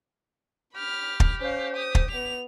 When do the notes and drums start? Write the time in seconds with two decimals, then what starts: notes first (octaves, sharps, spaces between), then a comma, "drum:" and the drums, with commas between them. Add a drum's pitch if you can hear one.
0.75 G4 B5 F6
1.20 drum: kick
1.41 C#4 C5 F5
1.76 D#6
1.95 drum: kick
2.11 B3 F7